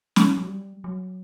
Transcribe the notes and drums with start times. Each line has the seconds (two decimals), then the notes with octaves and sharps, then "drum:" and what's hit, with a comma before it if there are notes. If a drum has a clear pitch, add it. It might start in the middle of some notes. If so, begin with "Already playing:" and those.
0.16 drum: snare
0.38 F#3
0.46 G3
0.84 F#3